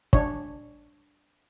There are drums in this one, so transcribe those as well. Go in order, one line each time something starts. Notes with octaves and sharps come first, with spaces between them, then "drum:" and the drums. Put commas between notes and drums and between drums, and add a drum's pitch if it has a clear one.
D4 C#5, drum: kick